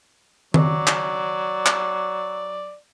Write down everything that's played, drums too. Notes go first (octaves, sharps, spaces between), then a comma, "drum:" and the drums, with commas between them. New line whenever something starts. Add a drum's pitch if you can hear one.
F#3 D5, drum: tom D#3
drum: clap
drum: clap